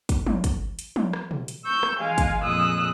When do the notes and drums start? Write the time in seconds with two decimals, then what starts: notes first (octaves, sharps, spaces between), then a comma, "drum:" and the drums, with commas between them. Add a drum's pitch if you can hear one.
0.09 drum: kick, hi-hat
0.26 drum: tom
0.44 drum: kick, hi-hat
0.79 drum: hi-hat
0.96 drum: tom
1.13 drum: rim click
1.31 drum: tom
1.48 drum: hi-hat
1.66 C#6 E6 G6
1.83 drum: rim click
1.99 E3 G#3 F5 G#5
2.18 drum: kick, hi-hat
2.44 F2 A#2 G#3 D#6 E6 F#6